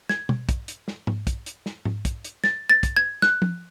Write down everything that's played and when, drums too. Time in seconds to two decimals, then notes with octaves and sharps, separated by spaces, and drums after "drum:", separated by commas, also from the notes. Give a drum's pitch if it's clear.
0.09 G#6, drum: snare
0.29 drum: tom
0.49 drum: kick, hi-hat
0.68 drum: hi-hat
0.88 drum: snare
1.07 drum: tom G#2
1.27 drum: kick, hi-hat
1.46 drum: hi-hat
1.66 drum: snare
1.85 drum: tom G#2
2.05 drum: kick, hi-hat
2.25 drum: hi-hat
2.44 A6, drum: snare
2.70 A6
2.83 drum: kick, hi-hat
2.96 G#6
3.22 F#6, drum: snare
3.42 drum: tom F3